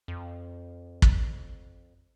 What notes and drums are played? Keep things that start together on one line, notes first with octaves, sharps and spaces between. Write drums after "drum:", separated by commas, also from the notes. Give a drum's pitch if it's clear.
F2
drum: kick